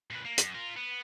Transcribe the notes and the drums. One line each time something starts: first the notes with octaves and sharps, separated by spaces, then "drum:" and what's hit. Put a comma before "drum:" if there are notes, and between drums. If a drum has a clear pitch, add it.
A#2 B4
A#3
F#2, drum: hi-hat
F4 A#4
B3